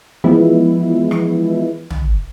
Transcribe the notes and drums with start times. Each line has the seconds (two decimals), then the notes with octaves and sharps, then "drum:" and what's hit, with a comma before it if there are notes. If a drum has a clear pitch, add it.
0.24 E3 F3 G#3 B3 E4
1.11 drum: rim click
1.90 drum: tom